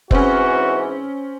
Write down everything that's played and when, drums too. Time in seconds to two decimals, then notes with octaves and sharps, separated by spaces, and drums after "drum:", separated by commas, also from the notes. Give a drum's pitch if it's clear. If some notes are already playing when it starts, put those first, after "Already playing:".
0.11 G#2 E3 C4 C#4 F#4, drum: kick F#1